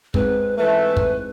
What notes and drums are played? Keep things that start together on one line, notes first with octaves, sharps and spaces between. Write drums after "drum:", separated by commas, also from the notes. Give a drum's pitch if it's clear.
G#2 G#3 C4 B4, drum: kick
E3 A3 B4
drum: kick